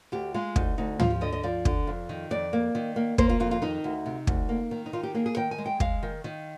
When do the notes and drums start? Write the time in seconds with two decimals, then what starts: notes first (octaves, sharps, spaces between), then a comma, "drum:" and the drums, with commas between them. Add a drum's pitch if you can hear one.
0.12 D2 G4
0.34 G#3 F4
0.56 D2 D#4, drum: kick
0.78 D2 D#4
1.00 F3 F4, drum: tom
1.10 G4
1.21 D3 D#5
1.32 D#5
1.43 F3 D5
1.65 D3, drum: kick
1.87 F2
2.09 D#3
2.31 F2 D5
2.53 A#3
2.75 D#3
2.96 A#3
3.18 A#3 C5, drum: kick
3.29 F4
3.40 F2 F4
3.51 F4
3.62 D#3 D#4
3.84 D2
4.06 C3
4.27 D2, drum: kick
4.49 A#3
4.71 D#3
4.86 D#4
4.93 D#3 F4
5.03 G4
5.14 A#3 G#4
5.26 G#4
5.37 D#3 G5
5.51 G#5
5.58 G#3
5.66 G5
5.80 G#3 F5, drum: kick
6.03 D#3
6.24 D#3